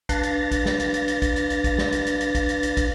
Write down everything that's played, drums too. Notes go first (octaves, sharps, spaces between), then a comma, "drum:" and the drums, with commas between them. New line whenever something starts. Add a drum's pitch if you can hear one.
D4 B4 F5 A6 A#6, drum: kick, hi-hat
drum: hi-hat
drum: kick, hi-hat
drum: snare
drum: hi-hat
drum: hi-hat
drum: hi-hat
drum: kick, hi-hat
drum: hi-hat
drum: hi-hat
drum: kick, hi-hat
drum: snare
drum: hi-hat
drum: hi-hat
drum: hi-hat
drum: kick, hi-hat
drum: hi-hat
drum: hi-hat
drum: kick, hi-hat